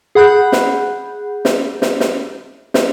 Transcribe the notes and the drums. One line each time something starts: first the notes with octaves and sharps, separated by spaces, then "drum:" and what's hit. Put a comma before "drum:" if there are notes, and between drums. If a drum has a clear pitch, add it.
G#4 F#5 B5 F#6 G6
drum: snare
drum: snare
drum: snare
drum: snare
drum: snare